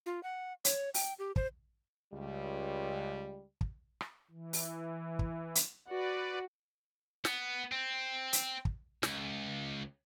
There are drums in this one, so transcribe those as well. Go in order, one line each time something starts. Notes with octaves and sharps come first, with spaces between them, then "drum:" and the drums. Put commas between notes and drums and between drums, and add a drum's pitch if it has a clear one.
F4
F#5
C#5, drum: hi-hat
G5, drum: open hi-hat
G4
C5, drum: kick
C#2 G3
drum: kick
drum: rim click
E3
drum: open hi-hat
drum: kick
drum: hi-hat
F#4 B4 D5
B3, drum: snare
C4
drum: hi-hat
drum: kick
C#2, drum: snare